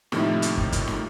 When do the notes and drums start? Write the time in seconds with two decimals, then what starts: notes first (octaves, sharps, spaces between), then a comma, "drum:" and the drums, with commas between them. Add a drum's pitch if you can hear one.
0.12 A2 C3 D#3 F3 A#3 E4, drum: snare
0.42 drum: hi-hat
0.57 drum: kick
0.72 drum: kick, hi-hat
0.88 drum: snare